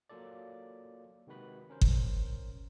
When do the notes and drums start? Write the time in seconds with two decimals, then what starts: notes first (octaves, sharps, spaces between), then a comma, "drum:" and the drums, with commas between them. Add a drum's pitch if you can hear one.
0.09 F#3 A#3 F4 A4 D5
1.27 C3 D#3 G#3 F#4 B4 B5
1.70 C#4 A#4 C5
1.81 drum: kick G1